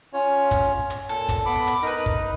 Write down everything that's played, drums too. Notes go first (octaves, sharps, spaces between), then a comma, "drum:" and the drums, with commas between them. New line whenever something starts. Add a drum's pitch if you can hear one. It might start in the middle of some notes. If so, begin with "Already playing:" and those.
C#4 F4 C#5
drum: kick, hi-hat
drum: hi-hat
A#2 A4
drum: kick, hi-hat
B3 B5 D6
drum: hi-hat
D#4 A#4 B4
drum: kick